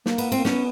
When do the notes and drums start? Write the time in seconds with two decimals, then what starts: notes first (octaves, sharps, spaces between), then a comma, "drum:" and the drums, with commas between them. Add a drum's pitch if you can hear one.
0.06 A#3, drum: snare
0.18 B3, drum: cymbal
0.32 C4, drum: cymbal
0.38 A#3
0.45 B3 C#4, drum: snare